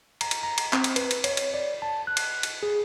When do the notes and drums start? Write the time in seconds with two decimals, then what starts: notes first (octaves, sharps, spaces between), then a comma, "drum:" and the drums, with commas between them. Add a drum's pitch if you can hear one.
0.21 A#5, drum: cymbal
0.31 drum: cymbal
0.43 A#5
0.58 drum: cymbal
0.73 C4, drum: clap
0.84 drum: cymbal
0.96 B4, drum: cymbal
1.11 drum: cymbal
1.24 C#5, drum: cymbal
1.37 drum: cymbal
1.54 D5
1.82 A5
2.07 F#6
2.17 drum: cymbal
2.43 drum: cymbal
2.63 G#4